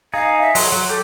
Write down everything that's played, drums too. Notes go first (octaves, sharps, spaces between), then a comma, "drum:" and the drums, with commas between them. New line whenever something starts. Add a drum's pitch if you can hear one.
D#4 G#4 F5
E5
F#3 C6, drum: open hi-hat
F#3
G4 A4